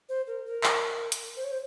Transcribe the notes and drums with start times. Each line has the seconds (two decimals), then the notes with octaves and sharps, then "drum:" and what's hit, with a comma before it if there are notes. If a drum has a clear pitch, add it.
0.09 C5
0.27 A#4
0.46 A#4
0.64 drum: clap
1.12 drum: hi-hat
1.37 C5
1.44 C#5
1.51 C5